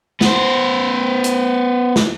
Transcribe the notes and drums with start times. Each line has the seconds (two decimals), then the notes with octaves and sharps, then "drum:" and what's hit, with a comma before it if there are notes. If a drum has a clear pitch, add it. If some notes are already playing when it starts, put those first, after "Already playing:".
0.21 B3 C5, drum: snare
1.24 drum: hi-hat
1.96 drum: snare